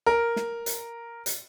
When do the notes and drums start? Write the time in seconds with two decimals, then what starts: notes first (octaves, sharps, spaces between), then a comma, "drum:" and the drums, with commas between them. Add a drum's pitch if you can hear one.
0.06 A#4
0.36 drum: snare
0.66 drum: hi-hat
1.26 drum: hi-hat